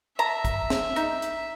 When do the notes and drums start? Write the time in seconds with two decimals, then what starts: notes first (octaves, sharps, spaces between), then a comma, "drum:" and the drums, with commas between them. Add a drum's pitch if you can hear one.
0.19 E5 A5 A#5
0.45 drum: kick, hi-hat
0.70 drum: snare
0.96 D#4, drum: hi-hat
1.22 drum: hi-hat